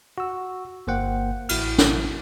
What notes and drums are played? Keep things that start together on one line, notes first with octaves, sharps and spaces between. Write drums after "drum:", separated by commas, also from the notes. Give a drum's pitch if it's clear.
F#4 E6
G1 A#3 C5 F#5 G5
A1 E4 F#4 F6, drum: cymbal
drum: snare